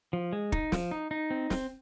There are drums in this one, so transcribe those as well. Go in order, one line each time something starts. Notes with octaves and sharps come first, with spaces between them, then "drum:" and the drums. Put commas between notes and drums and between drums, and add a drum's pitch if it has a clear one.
F3
G#3
D#4, drum: kick
F3, drum: snare
D#4
D#4
C4
C4, drum: snare